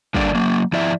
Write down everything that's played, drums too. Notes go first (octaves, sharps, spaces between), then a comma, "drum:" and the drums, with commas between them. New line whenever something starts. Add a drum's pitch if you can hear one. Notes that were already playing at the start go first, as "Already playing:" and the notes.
D3 G3 A#3 D4 D5, drum: kick
F#3 A#3
F3 E4 D5 E5